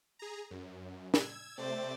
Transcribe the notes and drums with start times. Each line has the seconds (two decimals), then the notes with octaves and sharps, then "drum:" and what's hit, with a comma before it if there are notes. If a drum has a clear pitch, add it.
0.19 G#4 A#5
0.51 F#2
1.14 E6 G#6, drum: snare
1.58 C3 A3 C4 C5 D5